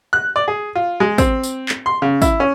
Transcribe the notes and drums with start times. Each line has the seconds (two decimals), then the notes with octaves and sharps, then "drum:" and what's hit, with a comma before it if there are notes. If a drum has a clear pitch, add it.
0.13 F#6
0.36 D5
0.48 G#4
0.75 F4
1.00 G#3
1.18 C4, drum: kick, tambourine
1.44 drum: tambourine
1.69 drum: clap
1.86 C6
2.02 C#3
2.22 E4, drum: kick, tambourine
2.40 C#4